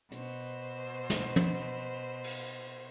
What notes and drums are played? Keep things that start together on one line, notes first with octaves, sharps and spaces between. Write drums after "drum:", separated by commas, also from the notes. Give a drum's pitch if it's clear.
B2 C5, drum: hi-hat
drum: snare
drum: tom
drum: cymbal